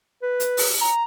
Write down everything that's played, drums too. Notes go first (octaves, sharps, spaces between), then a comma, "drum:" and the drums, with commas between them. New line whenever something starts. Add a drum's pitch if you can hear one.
B4
drum: hi-hat
drum: open hi-hat
A#5